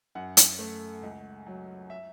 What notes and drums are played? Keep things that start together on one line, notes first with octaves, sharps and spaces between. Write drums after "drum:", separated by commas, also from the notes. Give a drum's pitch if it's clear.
F#2 F#5
drum: hi-hat
A3
C#2
F#3
E5